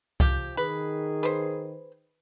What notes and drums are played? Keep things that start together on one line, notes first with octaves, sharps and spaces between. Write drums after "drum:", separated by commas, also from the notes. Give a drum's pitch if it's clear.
F3 G4, drum: kick C2
D#3 G#4 B4
B4 C5